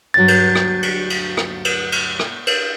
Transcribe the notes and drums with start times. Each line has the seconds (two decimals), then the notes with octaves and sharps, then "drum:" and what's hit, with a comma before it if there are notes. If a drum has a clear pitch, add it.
0.14 D2 G2 F#3 A6
0.28 drum: cymbal
0.55 drum: rim click
0.83 drum: cymbal
1.10 drum: cymbal
1.37 drum: rim click
1.65 drum: cymbal
1.92 drum: cymbal
2.19 drum: rim click
2.47 drum: cymbal